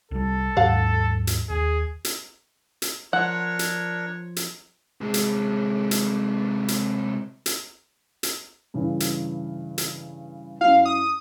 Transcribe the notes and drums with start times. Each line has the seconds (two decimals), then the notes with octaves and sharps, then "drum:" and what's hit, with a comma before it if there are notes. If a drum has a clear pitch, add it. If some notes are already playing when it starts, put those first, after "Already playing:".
0.11 C2 G3 A4
0.57 D#2 G#2 F#3 G4 F5 F#5
1.27 drum: hi-hat
1.50 D#2 G#4
2.05 drum: hi-hat
2.82 drum: hi-hat
3.13 F3 D4 A#4 C#5 F#5
3.59 drum: hi-hat
4.36 drum: hi-hat
5.01 C3 G#3
5.14 drum: hi-hat
5.91 drum: hi-hat
6.68 drum: hi-hat
7.46 drum: hi-hat
8.23 drum: hi-hat
8.74 G2 C#3 E3
9.00 drum: hi-hat
9.78 drum: hi-hat
10.61 F#2 E4 F5
10.85 D#6